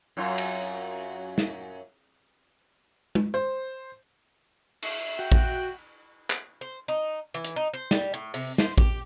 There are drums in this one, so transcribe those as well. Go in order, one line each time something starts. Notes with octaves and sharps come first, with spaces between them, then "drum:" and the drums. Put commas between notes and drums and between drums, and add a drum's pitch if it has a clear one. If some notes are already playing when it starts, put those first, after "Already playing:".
F#2 F#3 F4
drum: cymbal
drum: snare
drum: tom
C5
E5, drum: cymbal
F#4 G5
drum: kick A1
drum: clap
C5
D#4
E3
drum: hi-hat
D#4
C5
G3, drum: snare
A2
C3, drum: open hi-hat
C5, drum: snare
G4, drum: kick A1